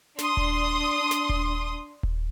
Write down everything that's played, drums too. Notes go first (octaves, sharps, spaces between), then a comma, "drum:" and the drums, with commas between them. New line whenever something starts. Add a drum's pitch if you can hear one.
D4 C6 D#6, drum: snare
drum: kick D#1
drum: snare
drum: kick D#1
drum: kick D#1